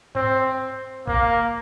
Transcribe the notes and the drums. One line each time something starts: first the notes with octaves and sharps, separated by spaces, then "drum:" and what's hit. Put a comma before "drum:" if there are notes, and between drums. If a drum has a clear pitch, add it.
C4, drum: tom G#2
A#3, drum: kick